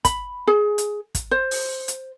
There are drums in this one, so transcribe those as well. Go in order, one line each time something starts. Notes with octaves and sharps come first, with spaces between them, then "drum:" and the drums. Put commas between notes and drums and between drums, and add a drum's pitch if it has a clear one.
B5, drum: kick, hi-hat
G#4
drum: hi-hat
drum: kick, hi-hat
C5
drum: open hi-hat
drum: hi-hat